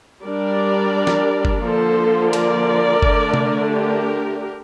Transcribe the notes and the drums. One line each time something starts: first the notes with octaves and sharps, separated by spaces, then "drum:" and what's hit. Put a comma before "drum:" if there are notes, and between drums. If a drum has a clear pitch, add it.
G3 D4 A#4 D5
drum: snare
drum: kick F#1
D3 F3 A#3 A4 C5
A#4 D5, drum: cymbal
D3 A3 D4, drum: kick F#1
drum: tom C3
G4 A#4